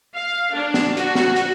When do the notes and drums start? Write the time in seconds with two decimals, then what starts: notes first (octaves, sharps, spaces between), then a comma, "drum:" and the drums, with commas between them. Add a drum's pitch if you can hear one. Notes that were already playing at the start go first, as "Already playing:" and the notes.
0.14 F5
0.54 D4
0.74 drum: snare
0.97 F#4, drum: hi-hat
1.15 drum: snare
1.36 drum: hi-hat